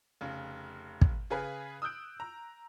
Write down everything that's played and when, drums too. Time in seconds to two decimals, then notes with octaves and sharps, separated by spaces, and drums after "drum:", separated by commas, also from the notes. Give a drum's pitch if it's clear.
0.21 F1 C#3
1.01 drum: kick
1.30 C#3 G#4 B4 F5
1.82 D#6 E6 F#6 G6 D7
2.20 A#5